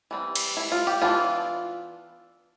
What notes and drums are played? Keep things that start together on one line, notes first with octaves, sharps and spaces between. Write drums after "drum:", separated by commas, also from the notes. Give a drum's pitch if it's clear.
E3 G3 C4
drum: cymbal
E4
F4
G4
E3 B3 D4 F4